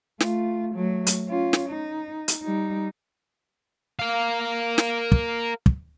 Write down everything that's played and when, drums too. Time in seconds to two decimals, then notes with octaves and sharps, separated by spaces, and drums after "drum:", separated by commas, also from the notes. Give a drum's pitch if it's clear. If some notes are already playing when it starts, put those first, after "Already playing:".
0.20 A3 F4, drum: snare
0.75 F#3 A3
1.07 drum: hi-hat
1.29 C#4 F4
1.53 drum: snare
1.69 D#4
2.28 drum: hi-hat
2.43 G3 D#4
3.99 A#4 F5
4.78 drum: snare
5.12 drum: kick
5.66 drum: kick